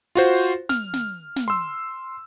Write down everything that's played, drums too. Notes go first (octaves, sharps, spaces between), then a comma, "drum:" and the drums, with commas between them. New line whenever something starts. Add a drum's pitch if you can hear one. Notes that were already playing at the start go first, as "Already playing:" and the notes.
F4 F#4 C5
F6, drum: snare
drum: snare
drum: snare
C6 E6